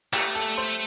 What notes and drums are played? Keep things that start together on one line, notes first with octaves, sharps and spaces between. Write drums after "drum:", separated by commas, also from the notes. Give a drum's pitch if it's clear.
A3 G4 G5, drum: clap
A4 A5
C5 C6